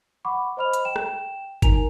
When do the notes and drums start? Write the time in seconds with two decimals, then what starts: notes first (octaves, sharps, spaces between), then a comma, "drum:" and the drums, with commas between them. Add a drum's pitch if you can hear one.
0.25 F#5 B5 C#6 D6
0.57 C5 D#5 B5 F6 F7
0.73 drum: hi-hat
0.85 G5 E7
0.96 drum: rim click
1.62 D#4 A#4 G#5 A#5 F7, drum: kick G1, hi-hat